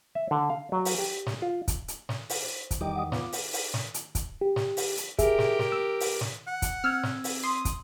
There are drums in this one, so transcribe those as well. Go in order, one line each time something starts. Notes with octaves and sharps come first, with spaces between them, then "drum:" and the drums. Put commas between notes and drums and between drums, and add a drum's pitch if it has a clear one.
E5
D3
F5
F#3
drum: open hi-hat
G4
drum: snare
F4
drum: kick, hi-hat
drum: hi-hat
drum: snare
drum: open hi-hat
C5
drum: kick, hi-hat
E2 D#3 G3 D#5 G5 D6
F#5 D#6
B3 F4 F5 D6, drum: snare
drum: open hi-hat
drum: open hi-hat
drum: snare
drum: hi-hat
drum: kick, hi-hat
G4
drum: snare
drum: open hi-hat
drum: hi-hat
G4 G#4 A#4 E5, drum: kick, hi-hat
drum: snare
drum: snare
E6
drum: open hi-hat
drum: snare
F#5
drum: kick, hi-hat
C4 E6 F6 G#6
drum: snare
drum: open hi-hat
C6 D#6
drum: kick, hi-hat